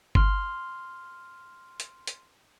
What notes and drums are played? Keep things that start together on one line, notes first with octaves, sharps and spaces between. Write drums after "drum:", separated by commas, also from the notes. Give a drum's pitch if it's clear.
C6 F6, drum: kick G1
drum: hi-hat
drum: hi-hat